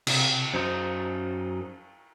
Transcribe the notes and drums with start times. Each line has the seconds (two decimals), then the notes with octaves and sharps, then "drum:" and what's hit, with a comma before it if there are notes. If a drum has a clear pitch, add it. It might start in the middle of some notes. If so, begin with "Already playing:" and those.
0.07 C3, drum: cymbal
0.54 F#2 D#4 C5